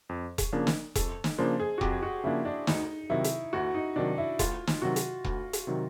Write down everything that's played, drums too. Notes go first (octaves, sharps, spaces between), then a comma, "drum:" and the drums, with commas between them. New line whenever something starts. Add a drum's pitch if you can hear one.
F2
drum: kick E1, hi-hat
C#3 F3 A#3 D4
drum: snare
F2 A4, drum: kick E1, hi-hat
drum: snare
C#3 F3 A#3 D4 C5
G#4
F#4
F2 G4, drum: kick E1
F#4
C#3 F3 A#3 D4 E4
D4
D2 D#4, drum: snare
C3 D#3 F#3 E4
drum: hi-hat
D2 F#4
D#4
C3 D#3 F#3 D4
E4
D2 F4, drum: kick E1, hi-hat
drum: snare
C3 D#3 F#3 F#4
drum: hi-hat
D2, drum: kick E1
drum: hi-hat
C3 D#3 F#3